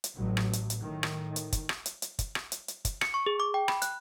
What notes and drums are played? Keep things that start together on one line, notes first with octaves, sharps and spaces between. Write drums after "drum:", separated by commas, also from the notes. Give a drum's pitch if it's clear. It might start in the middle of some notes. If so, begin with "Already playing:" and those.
drum: hi-hat
A1 A2 F#3
drum: rim click
drum: hi-hat
drum: hi-hat
A2 D#3
drum: rim click
drum: hi-hat
drum: kick, hi-hat
drum: rim click
drum: hi-hat
drum: hi-hat
drum: kick, hi-hat
drum: rim click
drum: hi-hat
drum: hi-hat
drum: kick, hi-hat
C#7, drum: rim click
C#6
G#4
D6
G5
B5, drum: rim click
F#6, drum: hi-hat